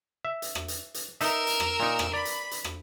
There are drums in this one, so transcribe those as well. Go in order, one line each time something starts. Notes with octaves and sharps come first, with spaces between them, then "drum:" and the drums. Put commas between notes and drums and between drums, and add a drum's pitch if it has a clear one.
E5
drum: hi-hat
drum: rim click
drum: hi-hat
drum: hi-hat
D#4 A#4 E5 E6, drum: hi-hat
drum: hi-hat
drum: rim click
A#2 D#4
drum: rim click
D5 B5
drum: hi-hat
drum: hi-hat
drum: rim click